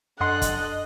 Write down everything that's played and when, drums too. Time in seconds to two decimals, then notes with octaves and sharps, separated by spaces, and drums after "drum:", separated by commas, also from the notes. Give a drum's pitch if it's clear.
0.20 F#2 D4 A4 D#5 F#5 C6 F#6
0.42 drum: kick, hi-hat